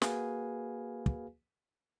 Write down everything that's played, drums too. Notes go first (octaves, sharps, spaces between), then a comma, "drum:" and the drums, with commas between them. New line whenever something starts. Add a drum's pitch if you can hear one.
A#3 F#4 G#4 B4 F5 G#5, drum: snare
drum: kick